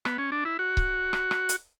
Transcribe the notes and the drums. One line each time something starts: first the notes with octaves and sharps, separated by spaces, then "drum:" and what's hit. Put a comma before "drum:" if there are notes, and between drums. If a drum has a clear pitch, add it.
B3, drum: rim click
C#4
D4
E4
F#4
drum: kick C#1
drum: rim click
drum: rim click
drum: hi-hat